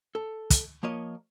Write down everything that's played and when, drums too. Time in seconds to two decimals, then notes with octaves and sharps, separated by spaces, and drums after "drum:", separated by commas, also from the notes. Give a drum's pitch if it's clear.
0.15 A4
0.50 drum: kick, hi-hat
0.83 F3 A#3 C#5 D#5